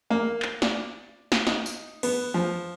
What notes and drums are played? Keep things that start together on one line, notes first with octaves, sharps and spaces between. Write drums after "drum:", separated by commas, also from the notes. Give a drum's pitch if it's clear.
A#3
drum: clap
D5, drum: snare
drum: snare
D#4, drum: snare
drum: tambourine
B3, drum: cymbal
F3